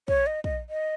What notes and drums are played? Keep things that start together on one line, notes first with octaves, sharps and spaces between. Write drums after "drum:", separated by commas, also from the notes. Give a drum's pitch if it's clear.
C#5, drum: kick
D#5
D#5, drum: kick
D#5